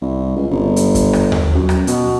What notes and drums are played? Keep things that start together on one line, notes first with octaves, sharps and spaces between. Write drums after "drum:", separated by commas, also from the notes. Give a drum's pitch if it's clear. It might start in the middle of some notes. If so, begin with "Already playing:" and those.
C2
C#2
G1
drum: hi-hat
drum: kick F2, hi-hat
drum: rim click
drum: tom D#2
F#2
drum: rim click
B2, drum: hi-hat